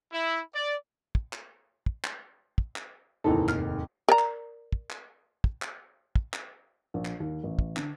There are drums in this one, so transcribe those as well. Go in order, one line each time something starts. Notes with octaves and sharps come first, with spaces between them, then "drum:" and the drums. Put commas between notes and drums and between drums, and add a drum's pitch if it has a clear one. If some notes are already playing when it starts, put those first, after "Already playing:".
E4
D5
drum: kick
drum: clap
drum: kick
drum: clap
drum: kick
drum: clap
F1 D#2 G#2 E3 D#4 A4
F6, drum: clap
A#4 D5 A#5
drum: clap
drum: kick
drum: clap
drum: kick
drum: clap
drum: kick
drum: clap
A#1
drum: clap
D#2
A1
drum: kick
D3, drum: clap